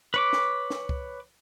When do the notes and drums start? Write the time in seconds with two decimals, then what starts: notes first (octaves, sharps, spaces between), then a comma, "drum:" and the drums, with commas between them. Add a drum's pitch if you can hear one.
0.14 B4 C#5 D6
0.33 drum: snare
0.70 drum: snare
0.89 drum: kick C#2